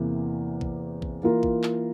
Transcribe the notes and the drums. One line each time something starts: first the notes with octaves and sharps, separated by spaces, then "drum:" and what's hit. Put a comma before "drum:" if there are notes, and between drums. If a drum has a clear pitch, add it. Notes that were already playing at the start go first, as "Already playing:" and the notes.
Already playing: E2 C3 E3 A#3
drum: kick A#1
drum: kick A#1
E3 A#3 F4 A#4
drum: kick A#1
drum: clap